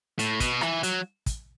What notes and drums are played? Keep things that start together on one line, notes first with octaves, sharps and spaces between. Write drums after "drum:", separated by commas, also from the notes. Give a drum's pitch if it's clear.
A2, drum: hi-hat
B2, drum: kick, hi-hat
E3, drum: rim click
F#3, drum: hi-hat
drum: kick, hi-hat